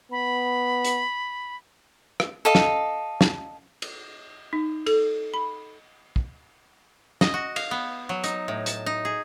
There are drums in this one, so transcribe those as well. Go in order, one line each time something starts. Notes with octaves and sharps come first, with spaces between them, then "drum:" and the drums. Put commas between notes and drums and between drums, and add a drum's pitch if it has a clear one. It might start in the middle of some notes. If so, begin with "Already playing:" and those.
B3 B5
drum: hi-hat
drum: rim click
A4 D#5 F5
drum: snare
drum: snare
drum: cymbal
D#4
A4, drum: cymbal
B5
drum: kick
D#5, drum: snare
F#4
F5, drum: cymbal
B3
F#3
D#4, drum: hi-hat
A2
A5, drum: hi-hat
D#4
G#4